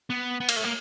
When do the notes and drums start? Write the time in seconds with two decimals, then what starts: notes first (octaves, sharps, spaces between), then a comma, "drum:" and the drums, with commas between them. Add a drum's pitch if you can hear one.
0.10 B3
0.40 B3
0.49 A#3, drum: cymbal
0.56 A3
0.64 A#3